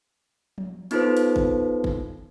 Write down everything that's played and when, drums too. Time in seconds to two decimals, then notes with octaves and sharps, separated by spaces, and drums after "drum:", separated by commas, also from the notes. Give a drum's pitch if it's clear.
0.58 drum: tom F3
0.91 B3 D#4 F4 A4 B4 C5, drum: hi-hat
1.17 drum: hi-hat
1.36 drum: kick
1.84 drum: kick